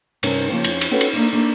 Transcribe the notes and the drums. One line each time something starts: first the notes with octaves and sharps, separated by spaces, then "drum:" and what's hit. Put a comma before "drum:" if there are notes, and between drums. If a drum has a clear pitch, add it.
G2 C3 C#4 D#4 A#4, drum: cymbal
C#3 F3 A#3 C4
F2 C#4, drum: cymbal
drum: cymbal
C4 C#4 F#4 A4 B4
drum: cymbal
A#3 D4 D#4
A#3 D4